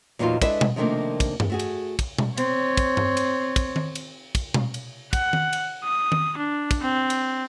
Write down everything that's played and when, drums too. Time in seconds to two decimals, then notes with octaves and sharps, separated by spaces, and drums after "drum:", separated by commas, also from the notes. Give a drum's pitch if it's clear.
0.19 E2 A#2 F#3 D#4 F4
0.42 G#3 D4 E4 A4 B4 E5, drum: kick, cymbal
0.61 drum: tom B2
0.76 C3 D#3 F3 A3 A#3 D4
1.20 drum: kick, cymbal
1.40 drum: tom G2
1.50 A3 F#4 G#4
1.60 drum: cymbal
1.99 drum: kick, cymbal
2.18 drum: tom B2
2.37 C4 C#5, drum: cymbal
2.77 drum: kick, cymbal
2.97 drum: tom G2
3.17 drum: cymbal
3.56 drum: kick, cymbal
3.76 drum: tom D#3
3.95 drum: cymbal
4.35 drum: kick, cymbal
4.54 drum: tom B2
4.74 drum: cymbal
5.13 F#5, drum: kick, cymbal
5.33 drum: tom D#3
5.53 drum: cymbal
5.84 D#6
6.12 drum: tom D#3
6.38 D4
6.71 drum: kick, cymbal
6.81 C4
7.10 drum: cymbal